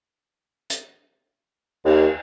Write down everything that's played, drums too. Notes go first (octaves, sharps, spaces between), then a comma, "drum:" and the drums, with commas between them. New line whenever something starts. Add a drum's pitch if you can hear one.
drum: hi-hat
D#2, drum: cymbal